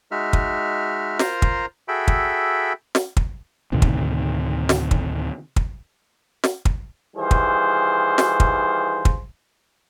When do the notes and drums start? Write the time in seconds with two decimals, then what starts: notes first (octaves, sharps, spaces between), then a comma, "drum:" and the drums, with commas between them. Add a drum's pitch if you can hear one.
0.11 G#3 D#4 F#4 E5 F6
0.33 drum: kick
1.19 F4 A#4 C5 A#5 C6, drum: snare
1.42 drum: kick
1.88 F#4 G#4 A4 E5 G5 B5
2.08 drum: kick
2.95 drum: snare
3.17 drum: kick
3.72 D2 A2 C3 D#3
3.82 drum: kick
4.69 drum: snare
4.91 drum: kick
5.56 drum: kick
6.44 drum: snare
6.65 drum: kick
7.16 D#3 E3 G3 F4 G#4 C5
7.31 drum: kick
8.18 drum: snare
8.40 drum: kick
9.05 drum: kick